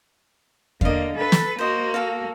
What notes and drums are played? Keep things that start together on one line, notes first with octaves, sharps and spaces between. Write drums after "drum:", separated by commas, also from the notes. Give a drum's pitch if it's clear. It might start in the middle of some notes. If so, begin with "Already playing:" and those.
D3 A#3 D#5 F5, drum: kick E2
A4 B4
drum: snare
A#3 F#4 C5 D#5
A4 F5